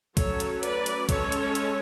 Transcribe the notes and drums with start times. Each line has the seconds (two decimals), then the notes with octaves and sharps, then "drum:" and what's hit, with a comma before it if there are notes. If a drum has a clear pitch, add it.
0.17 F#3 A3 C#4 A4 C#5, drum: kick, hi-hat
0.40 drum: hi-hat
0.63 B4 D5, drum: hi-hat
0.86 drum: hi-hat
1.09 G#3 C#4 A4 C#5, drum: kick, hi-hat
1.32 drum: hi-hat
1.55 drum: hi-hat